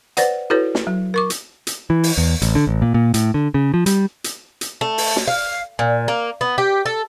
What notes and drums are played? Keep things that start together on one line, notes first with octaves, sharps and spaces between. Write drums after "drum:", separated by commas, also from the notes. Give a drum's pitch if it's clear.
B4 C5 D5 F#5, drum: hi-hat
E4 F#4 A4 B4 C#5
drum: snare
F#3
A#4 C#6 D6
drum: hi-hat
drum: hi-hat
E3
drum: open hi-hat
E2
A1, drum: hi-hat
D3
A1
A#2
A#2
A2, drum: hi-hat
D3
C#3
F3
G3, drum: hi-hat
drum: hi-hat
drum: hi-hat
A3
drum: open hi-hat
drum: snare
F5
A#2
A#3
B3
G4
A4